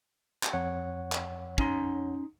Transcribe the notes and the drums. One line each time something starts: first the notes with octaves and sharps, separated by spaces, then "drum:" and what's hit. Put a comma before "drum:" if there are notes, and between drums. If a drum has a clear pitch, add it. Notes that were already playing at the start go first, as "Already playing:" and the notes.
drum: clap
F2 C#5 F#5
drum: clap
C#4 D#4 C6, drum: kick